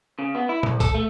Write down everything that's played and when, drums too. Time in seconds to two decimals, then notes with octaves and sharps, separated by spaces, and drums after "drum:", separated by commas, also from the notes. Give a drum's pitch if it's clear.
0.19 C#3
0.35 B3
0.49 E4
0.63 C2, drum: tom A#2
0.80 A4, drum: kick, tambourine
0.94 A3